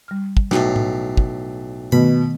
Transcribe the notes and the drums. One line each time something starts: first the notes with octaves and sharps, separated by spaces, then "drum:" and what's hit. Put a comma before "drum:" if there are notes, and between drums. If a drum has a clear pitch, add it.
G3 F6
drum: kick
B1 A2, drum: snare
drum: tom A2
drum: kick
B2 D#3 A3 B3 B5, drum: tom